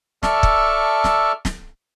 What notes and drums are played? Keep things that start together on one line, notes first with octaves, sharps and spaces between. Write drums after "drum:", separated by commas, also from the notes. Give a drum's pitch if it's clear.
A4 D5 E5 A5 C#6 F6, drum: snare
drum: kick
drum: snare
drum: snare